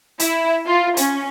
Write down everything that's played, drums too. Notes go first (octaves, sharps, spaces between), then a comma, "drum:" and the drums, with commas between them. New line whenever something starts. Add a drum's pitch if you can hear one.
E4, drum: hi-hat
F4
C#4, drum: hi-hat